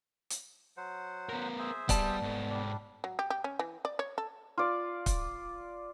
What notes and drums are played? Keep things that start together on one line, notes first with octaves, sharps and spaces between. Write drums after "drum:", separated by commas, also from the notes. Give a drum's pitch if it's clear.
drum: hi-hat
F#3 C5 F#5
B3 A#4
G#4 C5 E5
G3 B3 D5 A5, drum: kick, hi-hat
G#2 A4
G3 D4
F#3
G4
G4
C#4
E3
D5
C#5
A4
F4 D5
drum: kick, hi-hat